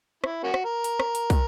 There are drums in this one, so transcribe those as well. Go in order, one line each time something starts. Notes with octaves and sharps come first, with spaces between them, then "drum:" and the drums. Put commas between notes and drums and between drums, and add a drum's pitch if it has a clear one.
E4, drum: rim click
A#3 C#4 F#4
drum: rim click
A#4
drum: hi-hat
drum: rim click
drum: hi-hat
drum: kick, hi-hat